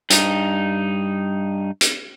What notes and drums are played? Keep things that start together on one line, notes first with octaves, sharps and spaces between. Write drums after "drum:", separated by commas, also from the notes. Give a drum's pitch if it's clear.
G2 D#4, drum: hi-hat
drum: hi-hat